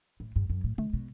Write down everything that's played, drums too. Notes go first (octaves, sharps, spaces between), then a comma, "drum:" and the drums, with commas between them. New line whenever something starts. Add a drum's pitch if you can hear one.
A2
G2
F#2
A2
D3, drum: tom G#3
B2